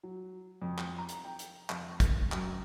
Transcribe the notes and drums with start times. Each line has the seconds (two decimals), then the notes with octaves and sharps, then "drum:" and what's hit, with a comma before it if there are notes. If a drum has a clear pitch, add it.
0.03 F#3
0.62 F2
0.78 drum: clap
0.98 A#5
1.09 drum: hi-hat
1.25 G5
1.39 drum: hi-hat
1.70 F2, drum: clap
2.00 drum: kick, hi-hat
2.32 F#2, drum: clap